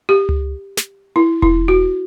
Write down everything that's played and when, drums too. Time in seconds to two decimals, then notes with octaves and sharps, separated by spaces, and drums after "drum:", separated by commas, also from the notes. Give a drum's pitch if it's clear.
0.09 G4
0.29 drum: tom C#2
0.77 drum: snare
1.16 E4
1.42 E4, drum: kick E1
1.68 F#4